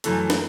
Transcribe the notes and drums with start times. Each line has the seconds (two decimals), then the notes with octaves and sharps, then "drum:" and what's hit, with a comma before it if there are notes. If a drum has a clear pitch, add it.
0.04 F#2 E3 A3, drum: hi-hat
0.30 drum: snare